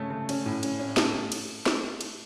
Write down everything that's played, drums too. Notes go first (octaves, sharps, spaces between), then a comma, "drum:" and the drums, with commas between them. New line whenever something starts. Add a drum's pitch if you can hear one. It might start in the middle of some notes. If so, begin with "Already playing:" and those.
Already playing: C#3 A3 C#4
A3
C#4, drum: cymbal
A2
C#4, drum: cymbal
C#4
A3, drum: snare
drum: cymbal
drum: snare
drum: cymbal